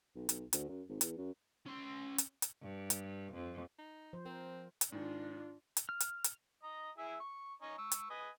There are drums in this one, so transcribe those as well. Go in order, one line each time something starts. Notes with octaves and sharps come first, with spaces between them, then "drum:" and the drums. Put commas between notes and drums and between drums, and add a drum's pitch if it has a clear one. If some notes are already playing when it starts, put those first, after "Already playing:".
B1
B1, drum: hi-hat
D2, drum: hi-hat
F#2
G#1
E2, drum: hi-hat
F#2
C#4 C6
drum: hi-hat
drum: hi-hat
G2
drum: hi-hat
F2
D#4
F3 C5
C4 A#4
drum: hi-hat
G#2 D#3 D4 F4
drum: hi-hat
F6
drum: hi-hat
drum: hi-hat
D#5 A#5
E4 G#4 E5
C#6
C#4 D#4 C#5
C#6 E6
drum: hi-hat
B4 D#5 G#5